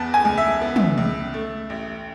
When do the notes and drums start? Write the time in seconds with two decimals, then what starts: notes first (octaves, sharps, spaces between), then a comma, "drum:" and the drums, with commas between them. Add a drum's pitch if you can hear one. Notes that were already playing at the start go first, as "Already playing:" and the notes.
Already playing: E2 B3 A5
0.14 G#5
0.25 C#2
0.38 E5
0.61 B3
0.76 drum: tom
0.98 C#2
1.34 A3
1.70 A1